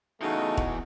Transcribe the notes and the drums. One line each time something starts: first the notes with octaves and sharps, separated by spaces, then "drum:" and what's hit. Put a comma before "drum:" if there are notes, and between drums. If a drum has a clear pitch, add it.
E2 C#3 A3 D#4 F#4
drum: kick